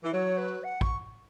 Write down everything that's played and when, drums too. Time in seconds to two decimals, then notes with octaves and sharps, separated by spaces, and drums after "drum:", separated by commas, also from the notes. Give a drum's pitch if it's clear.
0.04 E3
0.12 F#3 C#5
0.37 B4
0.63 F#5
0.81 C#6, drum: kick